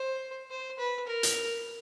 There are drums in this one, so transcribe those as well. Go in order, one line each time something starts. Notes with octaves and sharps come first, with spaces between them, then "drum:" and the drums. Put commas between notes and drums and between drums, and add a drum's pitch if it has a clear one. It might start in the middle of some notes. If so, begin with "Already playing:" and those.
Already playing: C5
C5
B4
A#4
drum: hi-hat